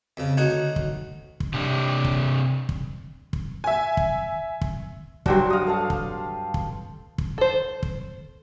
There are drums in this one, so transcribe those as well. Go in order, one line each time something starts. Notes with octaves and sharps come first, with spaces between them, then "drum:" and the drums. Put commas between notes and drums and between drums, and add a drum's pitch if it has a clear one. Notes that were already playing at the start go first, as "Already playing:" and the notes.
F2 C#3
D2 D#4 F#4 C#5
drum: kick
drum: kick
C3 D4 G4
drum: kick
drum: kick
drum: kick
E5 G#5
drum: kick
drum: kick
G2 F#3 D4 F#4 G4 C5, drum: kick
F5 D#6
A4 F5 A5
drum: kick
drum: kick
drum: kick
A4 C5
drum: kick